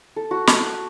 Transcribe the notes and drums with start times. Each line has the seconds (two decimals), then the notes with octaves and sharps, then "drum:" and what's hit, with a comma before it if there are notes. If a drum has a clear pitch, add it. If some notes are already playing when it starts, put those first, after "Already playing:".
0.16 A4
0.31 F#4
0.47 drum: snare
0.60 F#4